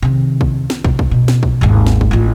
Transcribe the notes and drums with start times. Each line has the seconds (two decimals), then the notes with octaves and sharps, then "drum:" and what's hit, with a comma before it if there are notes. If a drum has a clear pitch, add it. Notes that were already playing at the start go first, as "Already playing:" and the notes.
0.02 C3 D#3
0.41 drum: kick
0.70 drum: snare
0.84 C3, drum: kick
0.99 drum: kick
1.11 B2
1.28 drum: snare
1.43 drum: kick
1.61 G#1 D#2
1.86 drum: snare
2.01 drum: kick
2.11 A1 F4